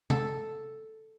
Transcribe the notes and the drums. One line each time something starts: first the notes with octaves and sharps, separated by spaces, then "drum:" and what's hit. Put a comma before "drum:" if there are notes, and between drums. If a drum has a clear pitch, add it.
A4, drum: tom C3